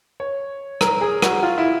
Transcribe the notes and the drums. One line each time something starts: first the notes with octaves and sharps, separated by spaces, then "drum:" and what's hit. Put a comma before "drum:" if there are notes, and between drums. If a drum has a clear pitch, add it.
C#5
A#4, drum: rim click
G#4
F#4, drum: rim click
F4
E4